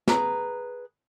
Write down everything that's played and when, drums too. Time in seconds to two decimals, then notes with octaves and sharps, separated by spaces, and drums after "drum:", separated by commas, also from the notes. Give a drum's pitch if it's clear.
0.08 G#4 B4 A#5, drum: snare